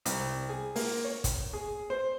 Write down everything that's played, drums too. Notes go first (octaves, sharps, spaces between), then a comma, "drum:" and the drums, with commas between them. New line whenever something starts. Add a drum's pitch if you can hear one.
C2, drum: hi-hat
G#4
A#3, drum: open hi-hat
C#5
drum: kick, hi-hat
G#4
C5